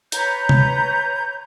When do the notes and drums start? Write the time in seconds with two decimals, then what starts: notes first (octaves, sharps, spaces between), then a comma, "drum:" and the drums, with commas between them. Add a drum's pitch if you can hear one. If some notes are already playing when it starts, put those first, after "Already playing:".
0.12 B4 C#5 A#5 G6, drum: hi-hat
0.49 drum: tom C3